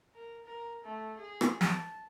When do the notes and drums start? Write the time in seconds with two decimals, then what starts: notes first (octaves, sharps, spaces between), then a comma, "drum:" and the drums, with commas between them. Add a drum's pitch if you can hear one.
0.15 A#4
0.45 A#4
0.84 A3
1.18 G#4
1.41 drum: rim click
1.61 A5, drum: snare